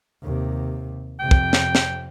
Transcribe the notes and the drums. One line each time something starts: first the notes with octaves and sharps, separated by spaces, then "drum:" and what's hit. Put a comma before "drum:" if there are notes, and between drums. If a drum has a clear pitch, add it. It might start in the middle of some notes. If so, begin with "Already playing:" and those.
D#2 C3
F2 C3 G5
drum: kick
drum: snare
drum: snare